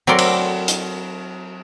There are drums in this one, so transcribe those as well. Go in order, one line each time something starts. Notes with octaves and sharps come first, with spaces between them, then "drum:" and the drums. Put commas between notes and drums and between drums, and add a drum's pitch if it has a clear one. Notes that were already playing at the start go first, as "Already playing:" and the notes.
F#3 C4 A4 A#4 D5 C6
drum: cymbal
drum: hi-hat